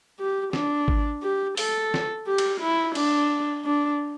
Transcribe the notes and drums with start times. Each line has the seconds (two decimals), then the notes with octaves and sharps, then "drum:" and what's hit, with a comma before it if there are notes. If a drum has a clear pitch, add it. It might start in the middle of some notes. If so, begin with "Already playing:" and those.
0.20 G4
0.53 D4, drum: snare
0.88 drum: kick G#1
1.23 G4
1.57 A4, drum: open hi-hat
1.94 drum: snare
2.27 G4
2.38 drum: cymbal
2.61 E4
2.95 D4, drum: cymbal
3.65 D4